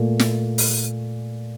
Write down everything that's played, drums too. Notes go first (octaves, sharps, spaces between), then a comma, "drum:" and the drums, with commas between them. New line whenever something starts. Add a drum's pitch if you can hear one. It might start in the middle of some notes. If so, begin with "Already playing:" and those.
Already playing: A#2 A3
drum: snare
drum: open hi-hat